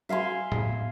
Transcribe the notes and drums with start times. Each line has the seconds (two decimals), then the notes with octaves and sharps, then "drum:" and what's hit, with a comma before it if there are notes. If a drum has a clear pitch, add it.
0.09 E5 F5 G#5 C6
0.52 drum: tom